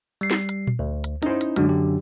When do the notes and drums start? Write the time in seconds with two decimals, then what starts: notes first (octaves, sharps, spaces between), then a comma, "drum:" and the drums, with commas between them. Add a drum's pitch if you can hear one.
0.21 G3 C7
0.31 drum: snare
0.49 drum: hi-hat
0.67 drum: tom A#2
0.79 D2
1.04 drum: hi-hat
1.23 C#4 D#4 E4 C5, drum: hi-hat
1.41 drum: hi-hat
1.56 F#2 D3 G#3 D4 F#4, drum: hi-hat
1.69 G4